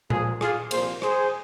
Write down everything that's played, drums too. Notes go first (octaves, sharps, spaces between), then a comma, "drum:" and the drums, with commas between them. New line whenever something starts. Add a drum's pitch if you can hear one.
A#2 F3 A#3 F4 G#4, drum: tom A#2
F4 G#4, drum: rim click
C2 A#2 F3 A#3 G#4 C5, drum: cymbal
G#4 C5, drum: rim click